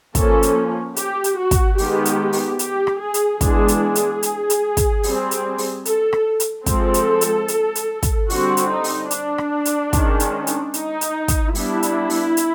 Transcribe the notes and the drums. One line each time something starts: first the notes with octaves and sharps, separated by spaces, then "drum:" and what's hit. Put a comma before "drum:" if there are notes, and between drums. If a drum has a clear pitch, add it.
F3 A#3 C#4 A4, drum: kick, hi-hat
drum: hi-hat
G4, drum: hi-hat
drum: hi-hat
F#4
drum: kick, hi-hat
D#3 G#3 B3 G4, drum: open hi-hat
drum: hi-hat
drum: open hi-hat
G4, drum: hi-hat
drum: rim click
G#4
drum: hi-hat
E3 G#3 B3 D4 G#4, drum: kick, hi-hat
drum: hi-hat
G#4
drum: hi-hat
drum: hi-hat
drum: hi-hat
drum: kick, hi-hat
G3 C4, drum: open hi-hat
drum: hi-hat
drum: open hi-hat
A4, drum: hi-hat
drum: rim click
drum: hi-hat
F3 G#3 C4 A4, drum: kick, hi-hat
drum: hi-hat
drum: hi-hat
drum: hi-hat
drum: hi-hat
drum: kick, hi-hat
D3 G3 C4 F#4, drum: open hi-hat
drum: hi-hat
D#4
drum: open hi-hat
D4, drum: hi-hat
drum: rim click
drum: hi-hat
D#3 G#3 C#4, drum: kick, hi-hat
drum: hi-hat
drum: hi-hat
D#4, drum: hi-hat
drum: hi-hat
drum: kick, hi-hat
G3 B3 D4 E4, drum: open hi-hat
drum: hi-hat
drum: open hi-hat
drum: hi-hat